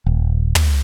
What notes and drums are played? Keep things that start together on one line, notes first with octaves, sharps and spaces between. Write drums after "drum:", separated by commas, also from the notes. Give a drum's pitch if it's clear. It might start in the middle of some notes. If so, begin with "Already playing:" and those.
D#1
drum: tom